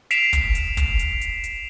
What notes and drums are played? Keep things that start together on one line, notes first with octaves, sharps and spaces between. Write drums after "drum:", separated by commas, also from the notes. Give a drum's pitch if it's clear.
B6 C7 D7 E7 F7, drum: hi-hat
drum: kick, hi-hat
drum: hi-hat
drum: kick, hi-hat
drum: hi-hat
drum: hi-hat
drum: hi-hat